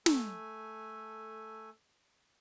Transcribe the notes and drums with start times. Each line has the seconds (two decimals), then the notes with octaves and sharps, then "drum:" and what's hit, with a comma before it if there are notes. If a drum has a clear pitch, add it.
0.06 A3 A4 G#5, drum: snare